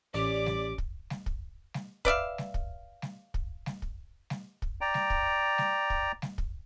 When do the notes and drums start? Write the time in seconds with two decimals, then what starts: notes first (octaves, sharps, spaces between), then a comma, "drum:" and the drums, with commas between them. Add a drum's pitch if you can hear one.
0.14 A1 C#4 G4 D5 D6
0.46 drum: snare G3
0.78 drum: kick
1.10 drum: snare G3
1.26 drum: kick
1.74 drum: snare G3
2.05 B4 D5 E5 F5, drum: kick
2.38 drum: snare G3
2.54 drum: kick
3.02 drum: snare G3
3.34 drum: kick
3.66 drum: snare G3
3.82 drum: kick
4.30 drum: snare G3
4.62 drum: kick
4.81 D5 G5 A#5
4.94 drum: snare G3
5.10 drum: kick
5.58 drum: snare G3
5.90 drum: kick
6.22 drum: snare G3
6.38 drum: kick